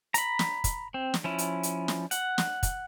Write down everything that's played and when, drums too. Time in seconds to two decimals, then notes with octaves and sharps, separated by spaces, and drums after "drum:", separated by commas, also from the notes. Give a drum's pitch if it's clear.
0.14 A#5 B5, drum: hi-hat
0.39 drum: snare
0.64 drum: kick, hi-hat
0.94 C4
1.14 drum: snare
1.24 F3 C#4 E4
1.38 drum: hi-hat
1.63 drum: hi-hat
1.88 drum: snare
2.11 F#5, drum: hi-hat
2.38 drum: snare
2.63 drum: kick, hi-hat